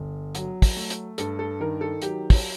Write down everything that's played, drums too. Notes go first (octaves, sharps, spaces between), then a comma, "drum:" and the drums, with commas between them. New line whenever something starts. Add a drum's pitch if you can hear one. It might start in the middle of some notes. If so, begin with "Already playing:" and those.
Already playing: G1
F#3, drum: hi-hat
drum: kick, open hi-hat
A3
drum: hi-hat
G2 A4, drum: hi-hat
A4
D#3 A#4
A4
F#3 G4, drum: hi-hat
drum: kick, open hi-hat